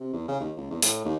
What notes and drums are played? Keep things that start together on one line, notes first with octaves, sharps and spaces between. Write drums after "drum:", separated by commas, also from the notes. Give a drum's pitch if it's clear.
C3
E2
C#3
D#2
C#2
E2
A2, drum: hi-hat
D#2